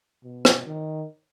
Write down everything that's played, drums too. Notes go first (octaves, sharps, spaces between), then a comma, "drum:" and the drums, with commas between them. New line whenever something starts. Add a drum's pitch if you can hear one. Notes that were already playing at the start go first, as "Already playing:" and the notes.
B2
drum: rim click
D#3